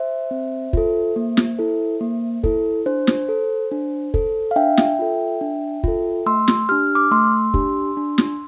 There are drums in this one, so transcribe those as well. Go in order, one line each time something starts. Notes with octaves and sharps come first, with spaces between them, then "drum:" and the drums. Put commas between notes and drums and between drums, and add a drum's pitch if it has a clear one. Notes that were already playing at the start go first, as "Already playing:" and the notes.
Already playing: C5 E5
C4
F4 A4, drum: kick
A#3
drum: snare
E4 A4
A#3
E4 A4, drum: kick
D4 C5
drum: snare
A4
D4
A4, drum: kick
F5
D4 E5 G5
drum: snare
F4 A4
D4
F4 A4, drum: kick
A3 C6 E6
drum: snare
D4 G4 F6
D6 F6
A3 C6 E6
D4 G4, drum: kick
D4
drum: snare